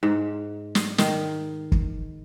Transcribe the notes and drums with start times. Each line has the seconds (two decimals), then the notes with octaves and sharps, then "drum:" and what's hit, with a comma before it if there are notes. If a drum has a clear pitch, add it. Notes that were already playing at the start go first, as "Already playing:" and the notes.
0.03 G#2
0.75 drum: snare
0.98 D#3, drum: snare
1.72 drum: kick